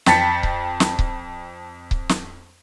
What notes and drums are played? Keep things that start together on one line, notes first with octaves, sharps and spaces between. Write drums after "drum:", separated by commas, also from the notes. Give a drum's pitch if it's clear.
F2 G5 A5 A6 B6 C#7, drum: snare
drum: kick C#1
drum: snare
drum: kick C#1
drum: kick C#1
drum: snare